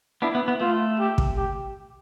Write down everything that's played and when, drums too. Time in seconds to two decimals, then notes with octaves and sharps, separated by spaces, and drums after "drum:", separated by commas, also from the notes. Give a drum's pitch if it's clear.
0.22 B3 D4 E4
0.35 B3
0.48 B3
0.60 A3 F4
0.99 G4
1.18 drum: kick
1.37 G4